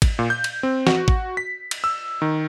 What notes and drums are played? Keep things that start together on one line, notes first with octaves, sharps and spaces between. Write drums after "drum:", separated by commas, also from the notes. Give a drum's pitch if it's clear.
drum: kick G#1, cymbal
A#2
G6
drum: cymbal
C4
F#4, drum: snare
drum: kick G#1
B6
drum: cymbal
E6
D#3